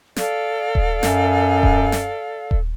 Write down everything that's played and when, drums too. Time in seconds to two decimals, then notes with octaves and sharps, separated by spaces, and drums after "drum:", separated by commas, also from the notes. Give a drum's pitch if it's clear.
0.16 A4 D5 F5, drum: snare
0.75 drum: kick D#1
1.03 F#2, drum: snare
1.63 drum: kick D#1
1.92 drum: snare
2.51 drum: kick D#1